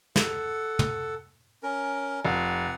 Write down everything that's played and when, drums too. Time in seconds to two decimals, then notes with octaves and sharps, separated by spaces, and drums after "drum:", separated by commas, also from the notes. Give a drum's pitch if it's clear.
0.16 A4 F#5, drum: snare
0.79 drum: tom
1.63 C#4 A#4
2.25 F1 F#5